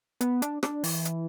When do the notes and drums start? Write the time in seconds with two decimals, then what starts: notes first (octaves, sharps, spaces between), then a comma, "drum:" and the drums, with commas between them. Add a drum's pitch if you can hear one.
0.21 B3, drum: hi-hat
0.42 D4, drum: hi-hat
0.63 D4, drum: rim click
0.84 E3, drum: open hi-hat
1.05 drum: hi-hat